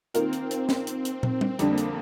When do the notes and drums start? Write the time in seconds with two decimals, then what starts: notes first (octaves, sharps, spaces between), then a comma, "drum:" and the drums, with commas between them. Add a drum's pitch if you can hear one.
0.14 D#3 A#3 C4 F4 A#4, drum: hi-hat
0.33 drum: hi-hat
0.51 drum: hi-hat
0.69 drum: snare
0.87 drum: hi-hat
1.05 drum: hi-hat
1.23 drum: tom
1.41 drum: tom
1.59 F2 D3 G3 A#3 D4, drum: hi-hat
1.77 drum: hi-hat